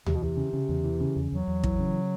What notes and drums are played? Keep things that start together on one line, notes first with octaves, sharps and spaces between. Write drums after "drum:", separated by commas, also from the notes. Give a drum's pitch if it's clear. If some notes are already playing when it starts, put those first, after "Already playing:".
E2 C3, drum: tom D2
B2
C3 E3
C#3
C#3
E2
E3
C#3
E2
E2 F#3
E2
E3, drum: kick
C#3